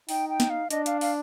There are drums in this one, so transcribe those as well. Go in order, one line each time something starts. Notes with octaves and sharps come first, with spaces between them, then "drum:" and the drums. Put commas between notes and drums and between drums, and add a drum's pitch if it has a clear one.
D#4 G5, drum: open hi-hat
G5
drum: snare
F5
D4 D#5, drum: hi-hat
F5, drum: hi-hat
F5, drum: open hi-hat